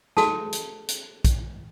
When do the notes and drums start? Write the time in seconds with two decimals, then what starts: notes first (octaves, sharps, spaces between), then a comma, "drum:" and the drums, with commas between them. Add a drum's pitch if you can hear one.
0.17 F#4 G#4 A4 A5, drum: snare
0.53 drum: hi-hat
0.89 drum: hi-hat
1.25 drum: kick A#1, hi-hat